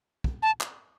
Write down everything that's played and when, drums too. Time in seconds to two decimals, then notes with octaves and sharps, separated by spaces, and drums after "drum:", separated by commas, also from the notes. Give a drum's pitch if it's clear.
0.24 drum: kick
0.43 A5
0.61 drum: clap